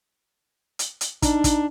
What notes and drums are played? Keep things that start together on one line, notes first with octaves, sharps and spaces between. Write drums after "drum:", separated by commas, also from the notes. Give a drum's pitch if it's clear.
drum: hi-hat
drum: hi-hat
D4 D#4, drum: kick, hi-hat
drum: kick, hi-hat